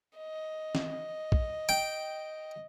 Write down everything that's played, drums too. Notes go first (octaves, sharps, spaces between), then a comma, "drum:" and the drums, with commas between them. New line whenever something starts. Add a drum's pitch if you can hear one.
D#5
drum: snare
drum: kick A#1
G5